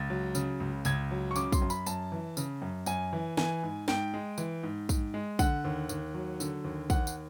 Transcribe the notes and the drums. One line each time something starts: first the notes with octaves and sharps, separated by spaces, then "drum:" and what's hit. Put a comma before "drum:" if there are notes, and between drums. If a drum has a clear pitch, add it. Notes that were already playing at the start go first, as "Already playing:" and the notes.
Already playing: C#2 A6
F#3
C#3, drum: tambourine
C#2
C#2 G#6, drum: tambourine
F#3
C#6
C#3 D6, drum: tambourine
C6, drum: kick, tambourine
F#2
B5, drum: tambourine
F#2 A5, drum: tambourine
E3
C#3, drum: tambourine
F#2
F#2 G#5, drum: tambourine
E3
E3 G#5, drum: snare
G#2
G#2 G5, drum: snare
G#3
E3, drum: tambourine
G#2
G#2, drum: kick, tambourine
G#3
D3 F#5, drum: kick, tambourine
D#2
D#2, drum: tambourine
F#3
D3, drum: tambourine
D#2
D#2 F#5, drum: kick, tambourine
drum: tambourine